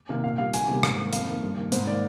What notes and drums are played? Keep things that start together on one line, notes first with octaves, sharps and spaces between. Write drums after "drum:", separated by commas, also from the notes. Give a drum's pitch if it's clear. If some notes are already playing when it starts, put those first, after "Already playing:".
C3 D#3 A#3
A#2 F5
G3 A#3 F5
D2 G#5, drum: hi-hat
C3 D#3 G3 A#3
G#2, drum: rim click
D#3 A#3
F2 F5, drum: hi-hat
D#3 A#3
G2
D#3 A#3
G#2 C5, drum: hi-hat
D#3 A#3 D5